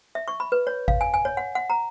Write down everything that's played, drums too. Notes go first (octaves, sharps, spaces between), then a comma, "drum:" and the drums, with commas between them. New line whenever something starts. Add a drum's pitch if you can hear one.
E5
C#6
B5
B4
C#5
F5, drum: kick G#1
G#5
G#5
C#5
F#5
F#5
A#5